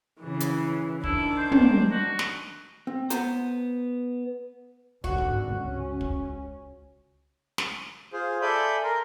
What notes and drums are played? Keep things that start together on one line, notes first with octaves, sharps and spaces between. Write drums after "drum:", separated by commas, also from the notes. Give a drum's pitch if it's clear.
C#3 E3
drum: hi-hat
D#3 D4 E4, drum: kick
C5
drum: tom
F#4
drum: snare
C4
B3 C5 A#5, drum: hi-hat
G#1 G2 D3 F#4, drum: kick
drum: kick
C#2 C#4
drum: kick
drum: snare
F4 G#4 C5
A4 D5 E5 G#5 B5 G6
A#4 C6